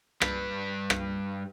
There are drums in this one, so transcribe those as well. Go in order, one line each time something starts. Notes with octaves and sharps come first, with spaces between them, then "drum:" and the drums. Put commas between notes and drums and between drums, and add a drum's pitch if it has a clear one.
G2 B4, drum: rim click
drum: rim click